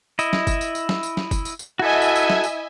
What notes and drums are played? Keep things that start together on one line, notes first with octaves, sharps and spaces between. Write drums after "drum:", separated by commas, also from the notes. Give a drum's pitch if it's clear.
E4 D#5, drum: tambourine
drum: snare
drum: kick G1, tambourine
drum: tambourine
drum: tambourine
drum: snare
drum: tambourine
drum: snare
drum: kick G1, tambourine
drum: tambourine
drum: tambourine
E4 F#4 A4 D#5 E5 G#5
drum: tambourine
drum: tambourine
drum: snare
drum: tambourine